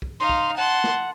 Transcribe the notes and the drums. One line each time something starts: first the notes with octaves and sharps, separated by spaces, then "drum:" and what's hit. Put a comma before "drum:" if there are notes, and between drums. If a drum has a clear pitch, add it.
drum: kick
D#4 F5 C6
drum: kick
F#5 A5 C6
drum: snare